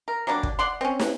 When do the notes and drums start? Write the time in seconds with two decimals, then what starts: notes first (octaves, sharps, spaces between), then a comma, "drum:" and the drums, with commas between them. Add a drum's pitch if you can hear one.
0.08 A#4
0.27 F#3 G3 A#3 D4
0.43 drum: kick
0.59 D5 F#5 C6
0.81 C4 C#4
0.99 drum: snare